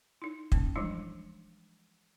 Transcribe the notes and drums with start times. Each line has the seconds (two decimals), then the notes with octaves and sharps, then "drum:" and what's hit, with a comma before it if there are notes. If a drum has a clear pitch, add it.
0.22 D#4 E4
0.52 A#3 C#4, drum: kick
0.76 E3 F3 G3 G#3 D4 E4